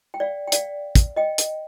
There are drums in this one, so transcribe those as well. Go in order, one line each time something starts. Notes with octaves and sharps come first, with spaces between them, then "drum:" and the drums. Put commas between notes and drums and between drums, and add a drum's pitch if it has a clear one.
G5
D5 F5
G5
D5 F5, drum: hi-hat
drum: kick, hi-hat
D#5 G5
drum: hi-hat